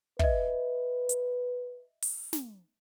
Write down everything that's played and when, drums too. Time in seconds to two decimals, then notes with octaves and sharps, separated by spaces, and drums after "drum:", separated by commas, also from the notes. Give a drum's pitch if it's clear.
0.19 B4 D#5 E5, drum: kick
1.09 drum: hi-hat
2.02 drum: open hi-hat
2.33 drum: snare